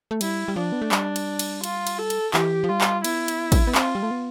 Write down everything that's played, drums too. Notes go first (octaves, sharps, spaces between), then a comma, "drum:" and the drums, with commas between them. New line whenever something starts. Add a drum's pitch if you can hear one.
A3
G3 E4, drum: cymbal
G3
F3 D4
B3
A3
G3, drum: clap
drum: cymbal
drum: cymbal
F4, drum: cymbal
drum: cymbal
A4
drum: cymbal
E3 G4, drum: clap
F3
G3 F4
drum: clap
B3 E4, drum: cymbal
drum: cymbal
drum: kick A1, cymbal
B3
C4 F4, drum: clap
G3
A3
B3